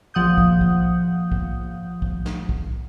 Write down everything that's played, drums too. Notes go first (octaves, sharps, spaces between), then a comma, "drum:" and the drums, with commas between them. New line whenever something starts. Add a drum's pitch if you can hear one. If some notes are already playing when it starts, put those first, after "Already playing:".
A#1 F3 F#5 D#6 G6
drum: kick
drum: kick
drum: kick
drum: kick
drum: snare
drum: kick